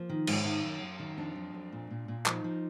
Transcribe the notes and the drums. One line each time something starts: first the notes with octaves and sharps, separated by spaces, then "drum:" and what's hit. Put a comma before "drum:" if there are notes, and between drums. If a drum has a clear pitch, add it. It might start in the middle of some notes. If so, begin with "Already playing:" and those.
Already playing: F3 A#3
D#3
G#2, drum: cymbal
D#3
F#2
F#2
D#3
F2 D4
F#3
F2
A#2
A#2
A#2
F3 D#4, drum: clap
F3